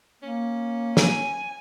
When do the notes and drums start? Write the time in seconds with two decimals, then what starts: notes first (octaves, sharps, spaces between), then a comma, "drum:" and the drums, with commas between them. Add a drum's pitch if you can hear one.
0.22 A#3 C#4
0.97 G#5, drum: snare